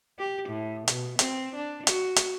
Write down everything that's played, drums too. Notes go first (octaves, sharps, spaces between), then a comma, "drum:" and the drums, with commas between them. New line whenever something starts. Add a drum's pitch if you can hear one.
G4
A2
B2, drum: hi-hat
C4, drum: hi-hat
D4
F#4, drum: hi-hat
drum: hi-hat